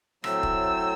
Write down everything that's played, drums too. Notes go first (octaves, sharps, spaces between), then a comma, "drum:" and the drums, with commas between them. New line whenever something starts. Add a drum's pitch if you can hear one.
A2 F#3 A3 C4 E6, drum: rim click
drum: kick